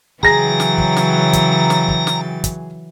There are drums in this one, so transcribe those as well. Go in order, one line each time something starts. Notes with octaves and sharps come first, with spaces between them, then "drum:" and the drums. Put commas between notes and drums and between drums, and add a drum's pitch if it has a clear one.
C#3 E3 F#3 G#4 G5 A#5 A6 A#6, drum: kick
drum: snare
drum: kick
drum: snare
drum: kick, hi-hat
drum: snare
drum: kick
drum: snare
drum: kick, hi-hat